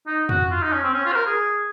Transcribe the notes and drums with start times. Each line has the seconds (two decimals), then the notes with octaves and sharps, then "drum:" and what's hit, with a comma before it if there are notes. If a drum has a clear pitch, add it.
0.07 D#4
0.29 F#4, drum: tom F2
0.51 F4
0.62 D#4
0.72 C#4
0.83 C4
0.94 C#4
1.05 F4
1.12 C5
1.15 A#4
1.27 G#4